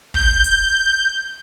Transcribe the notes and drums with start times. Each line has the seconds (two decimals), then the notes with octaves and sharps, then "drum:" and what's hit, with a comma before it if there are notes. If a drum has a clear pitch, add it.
0.14 G6, drum: kick
0.44 drum: hi-hat